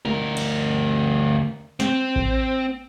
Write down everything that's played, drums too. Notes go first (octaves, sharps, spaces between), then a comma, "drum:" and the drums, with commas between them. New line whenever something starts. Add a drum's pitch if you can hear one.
D2 A#4, drum: tom
drum: cymbal
C4, drum: snare
drum: kick A1